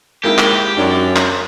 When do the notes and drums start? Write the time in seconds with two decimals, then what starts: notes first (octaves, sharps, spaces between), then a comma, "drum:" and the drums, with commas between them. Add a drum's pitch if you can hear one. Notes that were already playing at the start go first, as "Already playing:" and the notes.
0.23 G#3 A#3 E4 G4
0.38 drum: clap
0.77 F#2 D4
1.16 drum: clap